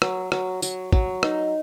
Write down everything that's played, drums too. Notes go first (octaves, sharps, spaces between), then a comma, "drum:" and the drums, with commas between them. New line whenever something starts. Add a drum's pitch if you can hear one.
F#3, drum: rim click
F#3, drum: rim click
F#3, drum: tambourine
F#3, drum: kick
D#4, drum: rim click